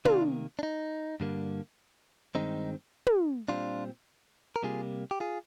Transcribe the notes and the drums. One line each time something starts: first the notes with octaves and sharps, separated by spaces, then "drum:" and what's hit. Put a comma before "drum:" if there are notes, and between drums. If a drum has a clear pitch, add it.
C3 D#3 A#3 D4 F4, drum: tom
D4
D#4
G2 D3 G3 A#3
G2 D#3 G#3 C4 D#4
drum: tom
A#2 G3 C4 D4 F4
A#4
C3 G3 A#3 F4 G#4
G4
F4 G#4